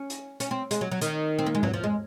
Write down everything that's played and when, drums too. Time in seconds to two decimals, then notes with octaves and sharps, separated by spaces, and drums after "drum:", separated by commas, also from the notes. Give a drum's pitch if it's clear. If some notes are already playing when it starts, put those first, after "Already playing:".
Already playing: C#4
0.10 drum: hi-hat
0.40 C#4, drum: hi-hat
0.51 C4
0.71 G#3, drum: hi-hat
0.81 F#3
0.91 F#3
1.01 D#3, drum: hi-hat
1.39 C4
1.46 A#3
1.55 G#3
1.63 F#3, drum: tom G#2
1.74 F3
1.84 G#3